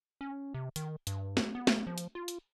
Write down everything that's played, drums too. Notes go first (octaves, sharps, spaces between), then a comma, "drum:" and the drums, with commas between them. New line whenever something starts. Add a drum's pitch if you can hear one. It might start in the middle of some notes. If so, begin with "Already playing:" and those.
C#4
C3
D#3, drum: hi-hat
G2, drum: hi-hat
drum: snare
B3
drum: snare
F3
drum: hi-hat
F4
drum: hi-hat